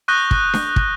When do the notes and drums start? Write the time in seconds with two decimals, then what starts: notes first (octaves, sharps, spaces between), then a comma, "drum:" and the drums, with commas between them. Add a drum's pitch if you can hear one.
0.08 C#6 D#6 F#6 G6 A#6 G7
0.31 drum: kick
0.53 drum: snare D4
0.76 drum: kick